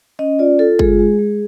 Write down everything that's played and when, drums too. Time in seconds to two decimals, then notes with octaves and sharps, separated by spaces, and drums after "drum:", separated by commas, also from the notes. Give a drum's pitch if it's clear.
0.19 C#4 D#5
0.39 F4 D5
0.59 F4 A4
0.79 G#3 G#4, drum: kick
0.99 G#3
1.19 G#3